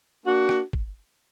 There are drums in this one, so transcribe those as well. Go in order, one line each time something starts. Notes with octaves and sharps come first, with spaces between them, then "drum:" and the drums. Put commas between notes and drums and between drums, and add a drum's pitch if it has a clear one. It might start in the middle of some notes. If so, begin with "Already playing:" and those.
A#3 D4 F#4
drum: rim click
drum: kick